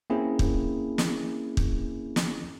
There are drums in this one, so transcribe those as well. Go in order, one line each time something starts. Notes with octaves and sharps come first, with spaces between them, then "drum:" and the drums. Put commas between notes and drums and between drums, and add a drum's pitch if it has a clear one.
A#3 C4 C#4 E4 G#4
drum: kick
drum: snare
drum: kick
drum: snare